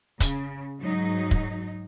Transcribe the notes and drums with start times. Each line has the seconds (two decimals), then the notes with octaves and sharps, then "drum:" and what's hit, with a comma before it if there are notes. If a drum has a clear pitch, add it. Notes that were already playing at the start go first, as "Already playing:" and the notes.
0.20 C#3, drum: kick, hi-hat
0.79 G#2 F#3 D#4
1.31 drum: kick